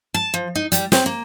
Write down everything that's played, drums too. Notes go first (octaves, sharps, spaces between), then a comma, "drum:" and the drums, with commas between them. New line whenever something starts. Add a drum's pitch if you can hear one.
A5
F3
D#4
G3, drum: hi-hat
C4, drum: snare
A#3